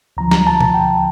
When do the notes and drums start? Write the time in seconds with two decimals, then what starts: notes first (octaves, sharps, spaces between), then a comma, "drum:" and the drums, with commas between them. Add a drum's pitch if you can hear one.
0.17 D2 D3 F3 A#5
0.31 A#5, drum: snare
0.47 A5
0.61 A5, drum: tom B2
0.74 G5